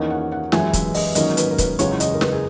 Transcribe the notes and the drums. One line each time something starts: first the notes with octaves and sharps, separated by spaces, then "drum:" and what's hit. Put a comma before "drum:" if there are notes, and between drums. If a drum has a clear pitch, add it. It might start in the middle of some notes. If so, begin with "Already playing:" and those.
Already playing: E2 D#3 A#3 C#4 D#5
F#5
F#5
F#2 E3 G#3 G#5, drum: snare
E5, drum: kick, hi-hat
D#5, drum: open hi-hat
G#1 G#2 F#3 A#3 C#4 D#5, drum: hi-hat
B4, drum: hi-hat
A#4
B4, drum: kick, hi-hat
F#1 E2 C#3 G#3 C#5, drum: hi-hat
D#5, drum: hi-hat
A#4
B4, drum: snare
G#4